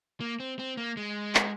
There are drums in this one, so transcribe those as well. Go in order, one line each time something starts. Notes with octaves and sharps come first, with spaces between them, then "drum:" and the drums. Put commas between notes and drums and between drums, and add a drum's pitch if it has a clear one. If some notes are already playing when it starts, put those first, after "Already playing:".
A#3
C4
C4
A#3
G#3
drum: clap